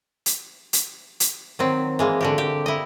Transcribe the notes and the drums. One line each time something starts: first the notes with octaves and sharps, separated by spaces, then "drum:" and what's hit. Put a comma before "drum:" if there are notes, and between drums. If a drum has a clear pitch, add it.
drum: hi-hat
drum: hi-hat
drum: hi-hat
D#3 F#3 C4
E3 G#3 A#3
D3 F#4 G4
G4
E4 D#5